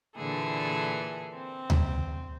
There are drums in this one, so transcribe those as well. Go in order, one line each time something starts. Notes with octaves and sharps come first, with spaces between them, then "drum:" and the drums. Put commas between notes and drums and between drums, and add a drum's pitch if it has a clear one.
A#2 D3 E3 G#4 A4
C4
drum: tom D2